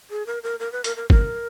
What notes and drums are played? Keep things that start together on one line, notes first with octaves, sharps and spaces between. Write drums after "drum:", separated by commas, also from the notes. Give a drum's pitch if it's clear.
G#4
A#4
A#4
A#4
B4
A#4, drum: hi-hat
A#4
A#4, drum: kick